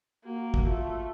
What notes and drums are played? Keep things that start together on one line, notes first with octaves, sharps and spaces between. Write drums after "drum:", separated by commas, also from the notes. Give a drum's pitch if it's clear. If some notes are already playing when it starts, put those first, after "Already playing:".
A#3 F#4
drum: kick
A3 F4